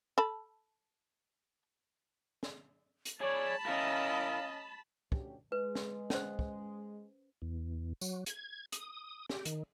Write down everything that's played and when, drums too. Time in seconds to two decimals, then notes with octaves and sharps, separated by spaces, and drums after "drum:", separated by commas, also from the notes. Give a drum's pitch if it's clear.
0.18 A4 A5 B5
2.43 drum: snare
3.05 drum: hi-hat
3.21 G#4 C#5 D5 A5 B5
3.66 C#4 E4 A#4 D#5 F5
5.12 D2 C#4 G4, drum: kick
5.52 G#3 B4
5.75 drum: snare
6.10 C#4 C5, drum: snare
6.39 drum: kick
7.42 E2
8.01 F#3, drum: tambourine
8.26 G#6, drum: hi-hat
8.72 D#6, drum: hi-hat
9.30 G4, drum: snare
9.45 D#3, drum: hi-hat